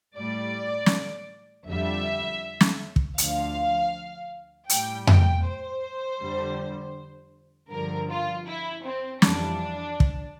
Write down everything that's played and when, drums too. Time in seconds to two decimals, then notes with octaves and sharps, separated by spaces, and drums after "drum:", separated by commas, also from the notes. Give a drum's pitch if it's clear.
0.16 A2 G3 D5
0.86 drum: snare
1.67 F2 D3 G3 E5
2.60 drum: snare
2.96 drum: kick
3.18 D2 D3 F3 F5, drum: hi-hat
4.69 A2 G3 G5, drum: hi-hat
5.07 G5, drum: tom F2
5.44 C5
6.20 F2 D3 G3
7.71 G2 D3 F3 A#4
8.09 F4
8.47 E4
8.85 C4
9.22 F2 E3 G3 D4, drum: snare
10.00 drum: kick